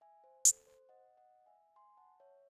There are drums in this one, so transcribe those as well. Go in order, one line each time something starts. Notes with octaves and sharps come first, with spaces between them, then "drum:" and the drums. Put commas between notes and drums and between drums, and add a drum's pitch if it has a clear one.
E5 G#5
C5
A4, drum: hi-hat
C5
D#5 F#5
D#5 F#5
E5 G#5
G#5 C6
F#5 A5
C#5 E5